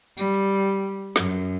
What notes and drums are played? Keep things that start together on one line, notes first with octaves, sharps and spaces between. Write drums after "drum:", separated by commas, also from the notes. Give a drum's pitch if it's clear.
G3, drum: tambourine
drum: hi-hat
F#2, drum: snare